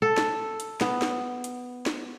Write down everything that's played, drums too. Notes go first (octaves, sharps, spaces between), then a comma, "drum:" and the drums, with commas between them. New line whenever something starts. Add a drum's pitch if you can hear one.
A4
drum: snare
drum: hi-hat
B3, drum: snare
drum: snare
drum: hi-hat
drum: snare